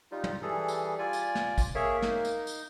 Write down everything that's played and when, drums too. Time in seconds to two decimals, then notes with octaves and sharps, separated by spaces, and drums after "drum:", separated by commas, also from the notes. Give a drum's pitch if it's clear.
0.12 G3 D#4 F4
0.24 drum: tom
0.42 E3 G3 G#4 A4
0.68 drum: tambourine
0.99 F4 D5 G#5
1.13 drum: tambourine
1.35 drum: snare
1.58 drum: kick, tambourine
1.75 A#3 G#4 C#5 E5
2.02 D#4, drum: snare
2.25 drum: tambourine
2.47 drum: tambourine